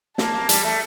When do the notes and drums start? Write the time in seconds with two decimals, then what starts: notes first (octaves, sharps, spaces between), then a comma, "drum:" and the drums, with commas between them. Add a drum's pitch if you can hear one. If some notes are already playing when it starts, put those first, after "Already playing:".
0.18 A#3 A5, drum: snare
0.34 A#3
0.49 G3, drum: hi-hat
0.64 A3